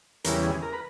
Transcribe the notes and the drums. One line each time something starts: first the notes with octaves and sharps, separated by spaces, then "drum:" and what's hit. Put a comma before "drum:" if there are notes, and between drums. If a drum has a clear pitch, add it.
E2 C#3 E3 G3 A#4, drum: hi-hat
G#4
A#4
B4